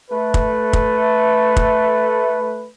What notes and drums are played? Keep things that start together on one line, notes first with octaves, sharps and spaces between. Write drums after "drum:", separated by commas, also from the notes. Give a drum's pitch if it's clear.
A3 B4
drum: kick
drum: kick
drum: kick